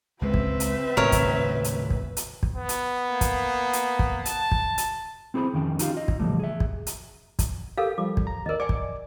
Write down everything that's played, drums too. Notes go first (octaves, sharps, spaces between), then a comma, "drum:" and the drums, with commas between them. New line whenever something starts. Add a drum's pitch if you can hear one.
C#2 G#3 C4 B4 E5
drum: kick
drum: hi-hat
D#1 A2 C#3 A#4 C#5
drum: kick, hi-hat
drum: hi-hat
drum: kick
drum: hi-hat
drum: kick
B3
drum: hi-hat
A#3
drum: kick, hi-hat
drum: hi-hat
drum: kick
A5, drum: hi-hat
drum: kick
drum: hi-hat
C4 E4 G#4 C5 B5
F2 D#3 C#4 G5
D#4 F4 G4 C5 F5, drum: hi-hat
F4 D#5
drum: kick
A2 C#3 E3 F3 G3 A3
G#4 E5
drum: kick
drum: hi-hat
drum: kick, hi-hat
G4 A4 A#4 F5
F3 G3 D6
drum: kick
A#5
D#2 A#4 D5 D#5
D5 G5 G#5 D6
drum: kick